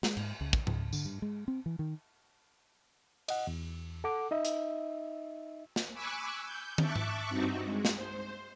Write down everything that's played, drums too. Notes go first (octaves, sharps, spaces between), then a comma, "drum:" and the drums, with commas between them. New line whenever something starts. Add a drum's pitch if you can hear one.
G#3, drum: snare
G#2, drum: cymbal
C#2
drum: kick
C#2, drum: tom G#2
D3, drum: tambourine
G2
G#3
C4
E3
D#3
D#5 F#5, drum: cymbal
E2
A4 F#5 D6
D#4 D#5 E5
drum: hi-hat
drum: snare
G#5 B5 C#6 D6 E6 F#6
G6
E5 A5 C#6 D6 F#6, drum: tom
drum: tom G#2
G2 C4 D#4 F#4
G#3
drum: snare
C5